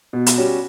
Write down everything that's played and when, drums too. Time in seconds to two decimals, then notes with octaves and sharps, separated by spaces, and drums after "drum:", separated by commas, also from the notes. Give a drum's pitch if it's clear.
0.13 B2
0.26 drum: hi-hat
0.37 G3 C#4 F#4